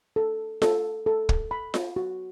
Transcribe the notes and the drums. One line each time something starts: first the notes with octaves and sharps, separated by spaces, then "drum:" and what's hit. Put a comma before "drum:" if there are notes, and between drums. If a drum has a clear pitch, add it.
A4
A4, drum: snare F4
A4
drum: kick
B5
drum: snare F4
F#4